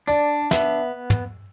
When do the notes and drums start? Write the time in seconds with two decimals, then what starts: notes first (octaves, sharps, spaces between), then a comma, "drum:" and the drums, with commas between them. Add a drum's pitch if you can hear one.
0.07 D4 D5, drum: tambourine
0.51 B3 E5, drum: snare
1.10 drum: tom